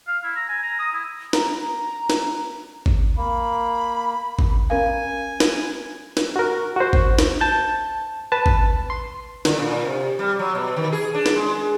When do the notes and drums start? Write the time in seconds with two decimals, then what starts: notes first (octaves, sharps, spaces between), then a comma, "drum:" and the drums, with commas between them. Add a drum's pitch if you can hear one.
0.07 F5
0.24 E4
0.36 A#5
0.49 G#5
0.62 A#5
0.79 D#6
0.93 E4
1.33 A#5, drum: snare
2.10 drum: snare
2.86 drum: kick G#1
3.17 A#3 B5
4.39 drum: kick G#1
4.70 C#4 A#4 F5 G#5
5.40 drum: snare
6.17 drum: snare
6.36 F#4 A#4
6.76 F#4 C5
6.93 drum: kick G#1
7.19 drum: snare
7.41 A5 G6
8.32 B4 A5
8.46 drum: kick G#1
8.90 C6
9.45 D3, drum: snare
9.59 A#2
9.85 C3
10.19 G3
10.39 F#3
10.55 B2
10.76 D#3
10.92 G#4
11.14 D4
11.26 drum: snare
11.36 G#3